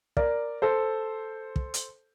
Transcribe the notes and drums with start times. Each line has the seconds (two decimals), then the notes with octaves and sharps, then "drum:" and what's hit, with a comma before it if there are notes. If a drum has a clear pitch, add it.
0.17 A#4 D5, drum: kick
0.62 A4 C5
1.56 drum: kick
1.74 drum: hi-hat